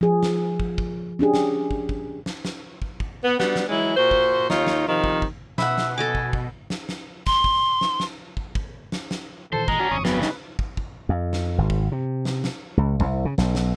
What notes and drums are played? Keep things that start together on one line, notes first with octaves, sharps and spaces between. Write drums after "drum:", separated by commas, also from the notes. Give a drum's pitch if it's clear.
F3 G#4
drum: snare
drum: kick
drum: kick
C#4 D4 G4 G#4
drum: snare
drum: kick
drum: kick
drum: snare
drum: snare
drum: kick
drum: kick
B3
G3 B3 D4 F#4, drum: snare
drum: snare
E3 F#3 G#3 E4
A#2 F#4 C5
drum: kick
D#2 D#4 F4 C#5, drum: snare
drum: snare
C3 D#3 F3
drum: kick
drum: kick
B2 E5 F#5 B5, drum: snare
drum: snare
A4 D#5 G#5 D6
drum: kick
drum: kick
drum: snare
drum: snare
C6, drum: kick
drum: kick
drum: snare
drum: snare
drum: kick
drum: kick
drum: snare
drum: snare
A#2 D#3 E3 A4 C5
G#3 A#5, drum: kick
C#4 D4 F#4
G1 F2 C#6 D#6
G2 C#3 F#3 B3 B4, drum: snare
D#4, drum: snare
drum: kick
drum: kick
F2
drum: snare
G#1
drum: kick
C3
drum: snare
drum: snare
C#2
C2, drum: kick
C#3
B1, drum: snare
drum: snare